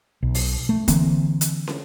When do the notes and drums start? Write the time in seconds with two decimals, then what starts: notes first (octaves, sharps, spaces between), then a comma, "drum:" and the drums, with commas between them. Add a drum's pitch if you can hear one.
0.23 B1
0.34 drum: open hi-hat
0.69 A3
0.88 D3 E3 A#3 C4, drum: kick F1, hi-hat
1.41 drum: hi-hat
1.67 drum: snare